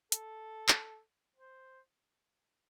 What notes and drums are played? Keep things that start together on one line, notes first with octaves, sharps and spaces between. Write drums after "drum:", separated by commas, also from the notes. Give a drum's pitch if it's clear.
A4, drum: hi-hat
drum: clap
C5